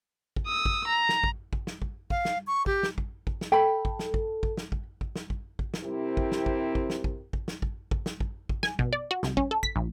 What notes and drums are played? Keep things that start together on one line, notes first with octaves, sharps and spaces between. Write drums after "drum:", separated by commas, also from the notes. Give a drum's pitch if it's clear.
drum: kick
D#6 E6
drum: kick
A#5
drum: snare
drum: kick
drum: kick
drum: snare
drum: kick
F5, drum: kick
drum: snare
C#6
G4, drum: kick
drum: snare
drum: kick
drum: kick
drum: snare
A4 G5 B5
drum: kick
drum: snare
drum: kick
drum: kick
drum: snare
drum: kick
drum: kick
drum: snare
drum: kick
drum: kick
drum: snare
C3 C4 E4 G4 A#4
drum: kick
drum: snare
drum: kick
drum: kick
drum: snare
drum: kick
drum: kick
drum: snare
drum: kick
drum: kick
drum: snare
drum: kick
drum: kick
G#5, drum: snare
B2, drum: kick
D5
F#4
C2, drum: snare
C#4, drum: kick
A4
B6, drum: kick
A#1